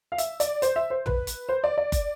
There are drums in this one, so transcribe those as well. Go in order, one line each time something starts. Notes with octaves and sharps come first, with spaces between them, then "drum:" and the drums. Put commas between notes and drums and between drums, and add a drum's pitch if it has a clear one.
F5
E5, drum: hi-hat
D5, drum: hi-hat
C5, drum: hi-hat
E5
C5
B4, drum: tom B1
drum: hi-hat
C5
D5
D5
drum: kick F#1, hi-hat